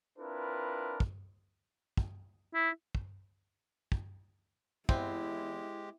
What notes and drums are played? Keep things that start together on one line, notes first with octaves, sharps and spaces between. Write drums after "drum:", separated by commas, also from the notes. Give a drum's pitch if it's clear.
C4 D4 E4 F4 A#4 B4
drum: kick
drum: kick
E4
drum: kick
drum: kick
E2 G#3 C4 E4 G4, drum: kick